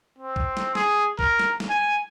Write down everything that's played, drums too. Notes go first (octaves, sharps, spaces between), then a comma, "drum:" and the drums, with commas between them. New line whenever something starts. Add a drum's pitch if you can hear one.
C4
drum: kick
drum: snare
G#4, drum: snare
A#4, drum: kick
drum: snare
drum: snare
G#5